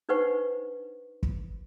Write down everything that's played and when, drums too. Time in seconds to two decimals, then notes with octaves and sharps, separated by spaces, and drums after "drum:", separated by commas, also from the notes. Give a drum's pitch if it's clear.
0.09 D4 D#4 B4 C5 F#5 C#6
1.23 drum: kick